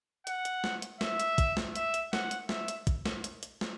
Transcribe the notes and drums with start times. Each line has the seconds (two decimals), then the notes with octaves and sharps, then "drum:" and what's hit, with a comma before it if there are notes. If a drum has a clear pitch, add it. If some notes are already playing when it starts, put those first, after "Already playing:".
0.27 F#5, drum: hi-hat
0.45 drum: hi-hat
0.64 drum: snare
0.82 drum: hi-hat
1.01 E5, drum: snare
1.20 drum: hi-hat
1.38 drum: kick, hi-hat
1.57 drum: snare
1.76 E5, drum: hi-hat
1.94 drum: hi-hat
2.13 F#5, drum: snare
2.31 drum: hi-hat
2.49 E5, drum: snare
2.68 drum: hi-hat
2.87 drum: kick, hi-hat
3.05 drum: snare
3.24 drum: hi-hat
3.43 drum: hi-hat
3.61 drum: snare